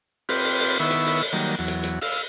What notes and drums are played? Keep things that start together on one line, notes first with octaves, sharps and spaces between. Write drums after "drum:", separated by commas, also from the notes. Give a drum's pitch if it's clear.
C4 F4 G4 B4, drum: open hi-hat
drum: open hi-hat
drum: open hi-hat
D#3 B3 E4 E5 C#6
drum: hi-hat
drum: open hi-hat
drum: open hi-hat
D#3 F#3 G3 A#3
E2 F#3
drum: hi-hat
drum: hi-hat
F5 E6, drum: open hi-hat